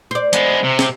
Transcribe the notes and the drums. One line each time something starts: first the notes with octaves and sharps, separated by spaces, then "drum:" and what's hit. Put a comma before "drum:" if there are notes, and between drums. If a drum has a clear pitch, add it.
C5 D5
G#3 B3, drum: hi-hat
C3
drum: snare